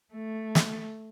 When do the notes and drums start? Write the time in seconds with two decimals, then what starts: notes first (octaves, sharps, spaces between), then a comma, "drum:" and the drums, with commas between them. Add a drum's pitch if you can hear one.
0.14 A3
0.55 drum: snare